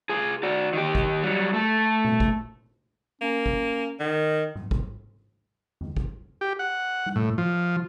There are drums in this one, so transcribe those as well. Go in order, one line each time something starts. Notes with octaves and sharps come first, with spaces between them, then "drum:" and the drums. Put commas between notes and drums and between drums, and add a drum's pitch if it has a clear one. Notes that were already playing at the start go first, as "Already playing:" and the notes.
F4 G#4
F#4 D5
D#3 G4
drum: kick
F#3 G3
A3 A4
drum: tom A#2
drum: kick
A#3 C#4
drum: kick
D#3
drum: tom G#2
drum: kick
drum: tom E2
drum: kick
G4
F#5
drum: tom G3
A2
F3